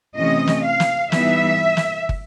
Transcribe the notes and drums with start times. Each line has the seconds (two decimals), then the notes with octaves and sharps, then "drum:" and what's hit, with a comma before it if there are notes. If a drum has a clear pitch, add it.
0.16 C3 E3 A3 C#4 D#5
0.47 drum: snare
0.64 F5
0.80 drum: snare
1.12 E3 G3 B3 D#4 E5, drum: snare
1.77 drum: snare
2.09 drum: kick